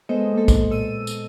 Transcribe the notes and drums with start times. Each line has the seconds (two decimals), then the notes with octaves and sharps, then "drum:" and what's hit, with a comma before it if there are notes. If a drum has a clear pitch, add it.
0.09 G#3 B3 A4 C5 D#5
0.33 A#3 A4
0.48 drum: kick, tambourine
0.71 A#2 A4 E6 D#7
1.07 drum: tambourine